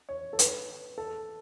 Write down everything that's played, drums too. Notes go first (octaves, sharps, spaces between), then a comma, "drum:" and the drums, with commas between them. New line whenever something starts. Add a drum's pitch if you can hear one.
C#5
A4
B4, drum: hi-hat
A4